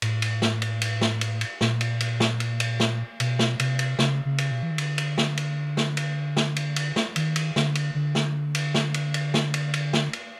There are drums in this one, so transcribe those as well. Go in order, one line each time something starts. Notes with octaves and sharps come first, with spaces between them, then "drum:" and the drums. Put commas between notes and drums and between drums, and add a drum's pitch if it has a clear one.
A2, drum: cymbal
drum: cymbal
drum: snare
drum: cymbal
drum: cymbal
drum: snare
drum: cymbal
drum: cymbal
A#2, drum: snare
drum: cymbal
drum: cymbal
drum: snare
drum: cymbal
drum: cymbal
drum: snare
B2, drum: cymbal
drum: snare
C3, drum: cymbal
drum: cymbal
C#3, drum: snare
C#3
drum: cymbal
B2
E3
D#3
D3, drum: cymbal
drum: cymbal
drum: snare
drum: cymbal
drum: snare
drum: cymbal
drum: snare
drum: cymbal
drum: cymbal
drum: snare
D#3, drum: cymbal
drum: cymbal
D3, drum: snare
drum: cymbal
D3
drum: snare
drum: cymbal
drum: snare
drum: cymbal
drum: cymbal
drum: snare
drum: cymbal
drum: cymbal
drum: snare
drum: cymbal